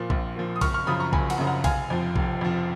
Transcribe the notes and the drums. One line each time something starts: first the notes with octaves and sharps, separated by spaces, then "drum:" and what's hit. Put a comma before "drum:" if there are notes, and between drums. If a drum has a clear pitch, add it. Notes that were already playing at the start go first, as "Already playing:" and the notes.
Already playing: A#2 F3
A#1, drum: kick
A#2 F3
D#6
F#1 C#6 F6, drum: kick, cymbal
C#6 F6
F#2 C#3 F3 B5 D#6
A#5 C#6
F#1 G#5 B5, drum: kick
F#5, drum: cymbal
F#2 C#3 F3
F#5 A#5
F1 F5 G#5, drum: kick, cymbal
F2 F3
F1, drum: kick
F2 F3